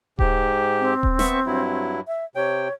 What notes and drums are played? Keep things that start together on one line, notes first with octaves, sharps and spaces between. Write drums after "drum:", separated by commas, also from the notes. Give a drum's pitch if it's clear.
G#2 G4, drum: kick D#1
C4
drum: kick D#1
B3 E5 C#6, drum: snare
G2 F#3 E4
E5
C3 C#5 G5